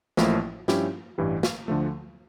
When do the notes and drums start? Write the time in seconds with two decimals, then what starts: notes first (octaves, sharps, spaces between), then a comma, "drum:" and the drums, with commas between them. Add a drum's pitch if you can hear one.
0.17 A1 A2 F3 A#3 E4, drum: snare
0.68 G2 F3 C#4 E4 G4, drum: snare
1.18 A1 G2 E3 G3
1.43 drum: snare
1.68 D2 D3 F3 A3